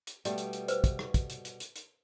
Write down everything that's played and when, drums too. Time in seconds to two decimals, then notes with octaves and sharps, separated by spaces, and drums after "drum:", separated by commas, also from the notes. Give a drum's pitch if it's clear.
0.07 drum: hi-hat
0.25 B2 G3 A3 G4 D5, drum: hi-hat
0.38 drum: hi-hat
0.53 drum: hi-hat
0.68 B4 C5, drum: hi-hat
0.84 drum: kick, hi-hat
0.99 drum: rim click
1.14 drum: kick, hi-hat
1.30 drum: hi-hat
1.45 drum: hi-hat
1.60 drum: hi-hat
1.76 drum: hi-hat